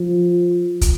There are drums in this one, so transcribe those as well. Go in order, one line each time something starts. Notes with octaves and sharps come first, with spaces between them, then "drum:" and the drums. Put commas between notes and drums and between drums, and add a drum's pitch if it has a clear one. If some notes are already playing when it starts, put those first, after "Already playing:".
Already playing: F3
drum: kick, hi-hat